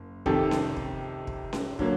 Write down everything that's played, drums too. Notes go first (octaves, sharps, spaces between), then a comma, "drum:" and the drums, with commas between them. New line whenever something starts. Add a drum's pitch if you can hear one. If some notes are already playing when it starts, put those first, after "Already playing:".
Already playing: F#1
F2 C3 D#3 G4 A4, drum: kick
drum: snare C#4
drum: kick
drum: kick
drum: snare C#4
D3 F#3 A#3, drum: kick